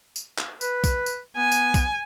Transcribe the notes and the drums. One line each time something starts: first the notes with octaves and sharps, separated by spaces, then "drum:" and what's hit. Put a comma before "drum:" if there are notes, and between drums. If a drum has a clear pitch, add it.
drum: tambourine
drum: clap
B4, drum: tambourine
drum: kick, tambourine
drum: tambourine
B3 G#5
drum: tambourine
drum: kick, tambourine